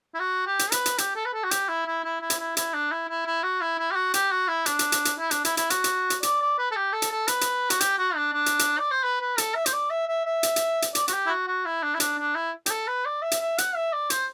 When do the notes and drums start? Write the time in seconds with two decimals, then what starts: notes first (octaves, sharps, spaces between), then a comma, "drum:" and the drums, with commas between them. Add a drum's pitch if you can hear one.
0.14 E4
0.19 F#4
0.47 G4
0.59 drum: hi-hat
0.72 B4, drum: hi-hat
0.86 drum: hi-hat
0.98 G4, drum: hi-hat
1.16 A4
1.25 B4
1.33 A4
1.43 F#4
1.51 G4, drum: hi-hat
1.69 E4
1.87 E4
2.04 E4
2.21 E4
2.30 drum: hi-hat
2.39 E4
2.57 E4, drum: hi-hat
2.74 D4
2.91 E4
3.09 E4
3.26 E4
3.43 F#4
3.61 E4
3.79 E4
3.91 G4
3.96 F#4
4.14 G4, drum: hi-hat
4.32 F#4
4.48 E4
4.66 D4, drum: hi-hat
4.79 drum: hi-hat
4.92 drum: hi-hat
5.05 drum: hi-hat
5.19 E4
5.31 D4, drum: hi-hat
5.45 E4, drum: hi-hat
5.57 E4, drum: hi-hat
5.70 F#4, drum: hi-hat
5.84 drum: hi-hat
6.10 drum: hi-hat
6.23 D5, drum: hi-hat
6.41 D5
6.58 B4
6.71 A4
6.76 G4
6.93 A4
7.02 drum: hi-hat
7.11 A4
7.28 B4, drum: hi-hat
7.41 drum: hi-hat
7.70 F#4, drum: hi-hat
7.80 G4, drum: hi-hat
7.98 F#4
8.15 D4
8.33 D4
8.46 drum: hi-hat
8.59 drum: hi-hat
8.79 D5
8.91 C5
9.03 B4
9.21 B4
9.38 A4, drum: hi-hat
9.55 E5
9.66 C5, drum: hi-hat
9.73 D5
9.90 E5
10.08 E5
10.25 E5
10.43 drum: hi-hat
10.56 drum: hi-hat
10.82 drum: hi-hat
10.95 D5, drum: hi-hat
11.08 F#4, drum: hi-hat
11.13 G4
11.27 E4
11.30 F#4
11.47 F#4
11.65 E4
11.83 D4
11.94 E4
12.00 D4, drum: hi-hat
12.18 D4
12.35 E4
12.66 G4, drum: hi-hat
12.70 A4
12.87 B4
13.05 D5
13.22 E5
13.31 drum: hi-hat
13.41 E5
13.58 F#5, drum: hi-hat
13.75 E5
13.93 D5
14.10 C5, drum: hi-hat